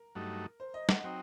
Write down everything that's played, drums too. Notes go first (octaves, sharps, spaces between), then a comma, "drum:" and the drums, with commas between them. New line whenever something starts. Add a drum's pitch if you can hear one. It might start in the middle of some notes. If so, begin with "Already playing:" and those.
Already playing: A#4
G2 F#3 A3 D#4
C5
D#5
F#5, drum: snare
F#3 C4 D#4 G5